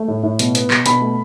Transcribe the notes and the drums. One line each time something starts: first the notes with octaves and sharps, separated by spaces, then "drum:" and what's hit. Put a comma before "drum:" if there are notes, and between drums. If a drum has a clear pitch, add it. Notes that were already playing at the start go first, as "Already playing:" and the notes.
Already playing: A3
A2
A2
B2, drum: hi-hat
B3, drum: hi-hat
B2, drum: clap
B2 B5, drum: hi-hat
A3